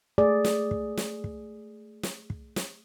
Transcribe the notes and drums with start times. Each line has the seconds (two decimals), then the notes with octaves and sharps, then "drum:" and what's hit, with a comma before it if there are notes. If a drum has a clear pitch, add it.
0.18 A3 G#4 D5
0.45 drum: snare
0.71 drum: kick
0.97 drum: snare
1.24 drum: kick
2.03 drum: snare
2.30 drum: kick
2.56 drum: snare